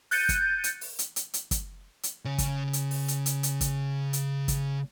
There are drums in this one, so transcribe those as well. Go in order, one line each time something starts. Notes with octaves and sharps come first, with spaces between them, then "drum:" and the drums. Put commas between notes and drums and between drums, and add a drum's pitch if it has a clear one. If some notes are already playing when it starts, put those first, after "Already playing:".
F#6 G6 A6 C#7 D#7, drum: open hi-hat
drum: kick, hi-hat
drum: hi-hat
drum: open hi-hat
drum: hi-hat
drum: hi-hat
drum: hi-hat
drum: kick, hi-hat
drum: hi-hat
C#3 C#5
drum: kick, hi-hat
drum: hi-hat
drum: open hi-hat
drum: hi-hat
drum: hi-hat
drum: hi-hat
drum: kick, hi-hat
drum: hi-hat
drum: kick, hi-hat